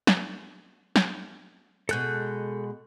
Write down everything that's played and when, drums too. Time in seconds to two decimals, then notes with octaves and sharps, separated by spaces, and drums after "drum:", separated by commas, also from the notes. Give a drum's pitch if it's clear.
0.07 drum: snare
0.96 drum: snare
1.89 B2 G#3 A4 F#6 G6, drum: hi-hat